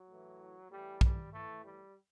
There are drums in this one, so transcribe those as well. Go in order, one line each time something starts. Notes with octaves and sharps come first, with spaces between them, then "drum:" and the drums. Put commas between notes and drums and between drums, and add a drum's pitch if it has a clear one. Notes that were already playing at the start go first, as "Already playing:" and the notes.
Already playing: F#3
A2 E3
A2 E3 G3
G3, drum: kick
A2 E3 A3
G3